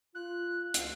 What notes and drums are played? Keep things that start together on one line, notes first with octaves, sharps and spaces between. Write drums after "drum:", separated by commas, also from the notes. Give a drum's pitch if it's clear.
F4 F#6
D2 F5, drum: hi-hat